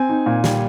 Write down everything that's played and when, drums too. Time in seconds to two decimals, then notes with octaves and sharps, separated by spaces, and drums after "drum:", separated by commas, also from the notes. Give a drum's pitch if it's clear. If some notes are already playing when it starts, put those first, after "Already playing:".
Already playing: C4 G#5
0.09 D#4
0.26 A#2
0.44 G3, drum: snare